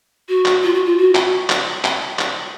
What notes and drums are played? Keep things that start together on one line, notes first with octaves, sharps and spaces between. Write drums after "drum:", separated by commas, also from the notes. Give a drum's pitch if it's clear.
F#4
drum: clap
F4
F#4
F4
F#4
drum: clap
drum: clap
drum: clap
drum: clap